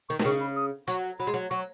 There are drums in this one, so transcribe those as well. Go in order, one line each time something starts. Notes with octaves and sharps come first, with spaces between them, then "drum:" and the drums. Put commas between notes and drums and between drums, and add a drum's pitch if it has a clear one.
D#3 C#6
D#3, drum: snare
C#3 C#6
B5
D#6
F#3 C#6, drum: hi-hat
F#3 B5
G#3
F#3
F#3 C#6